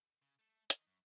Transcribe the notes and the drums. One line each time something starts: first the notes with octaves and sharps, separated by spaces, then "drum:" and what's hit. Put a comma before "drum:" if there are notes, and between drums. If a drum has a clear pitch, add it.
C#3
A3 A4
D#3 D#5, drum: hi-hat
F#2